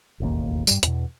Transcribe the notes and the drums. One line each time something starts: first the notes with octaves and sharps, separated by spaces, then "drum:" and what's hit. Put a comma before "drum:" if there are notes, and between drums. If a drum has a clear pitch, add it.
E1 A1 D#2 A#3
G2 G3, drum: tambourine
E2 B2, drum: hi-hat